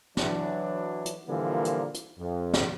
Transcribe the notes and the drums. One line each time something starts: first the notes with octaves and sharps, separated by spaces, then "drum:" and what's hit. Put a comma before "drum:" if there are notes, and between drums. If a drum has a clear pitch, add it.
E3 F#3 D4, drum: snare
drum: hi-hat
A#2 D3 E3 F3 G3 A#3
drum: hi-hat
drum: hi-hat
F2
drum: snare